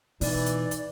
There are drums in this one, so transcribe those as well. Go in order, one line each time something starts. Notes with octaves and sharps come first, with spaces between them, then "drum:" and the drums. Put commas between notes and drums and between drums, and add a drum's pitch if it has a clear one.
B2 E3 D#4 D5, drum: open hi-hat
drum: hi-hat
drum: hi-hat